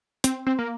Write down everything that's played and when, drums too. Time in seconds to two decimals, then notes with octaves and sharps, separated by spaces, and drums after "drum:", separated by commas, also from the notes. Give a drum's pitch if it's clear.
0.24 C4, drum: hi-hat
0.46 C4
0.59 A#3